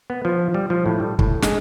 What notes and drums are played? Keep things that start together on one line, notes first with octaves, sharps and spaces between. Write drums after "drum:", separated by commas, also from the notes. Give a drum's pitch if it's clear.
B3
F3
G3
F3
A2
G3
A2, drum: kick
G#3, drum: snare